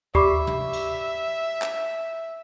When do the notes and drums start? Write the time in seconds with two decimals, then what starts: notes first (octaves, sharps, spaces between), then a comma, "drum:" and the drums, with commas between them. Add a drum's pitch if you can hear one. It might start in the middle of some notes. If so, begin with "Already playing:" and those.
0.15 G4 D5 E5 B5 D6, drum: kick D2
0.47 drum: tom
0.73 drum: cymbal
1.62 drum: clap